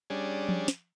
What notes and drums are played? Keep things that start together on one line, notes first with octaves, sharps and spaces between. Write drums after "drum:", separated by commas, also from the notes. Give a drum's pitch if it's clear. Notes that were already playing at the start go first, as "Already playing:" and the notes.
G3 C#4 D4 G#4
drum: tom F3
drum: snare